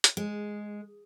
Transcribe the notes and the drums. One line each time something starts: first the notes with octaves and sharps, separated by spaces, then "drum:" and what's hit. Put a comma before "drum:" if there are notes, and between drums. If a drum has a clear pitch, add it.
drum: hi-hat
G#3